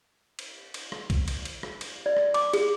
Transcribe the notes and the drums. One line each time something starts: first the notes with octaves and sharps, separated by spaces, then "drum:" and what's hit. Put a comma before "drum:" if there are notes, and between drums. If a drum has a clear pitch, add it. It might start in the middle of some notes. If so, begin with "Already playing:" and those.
drum: cymbal
drum: cymbal
drum: rim click
drum: kick, cymbal
drum: cymbal
drum: cymbal
drum: rim click
drum: cymbal
D5
drum: rim click
D6, drum: cymbal
G#4, drum: cymbal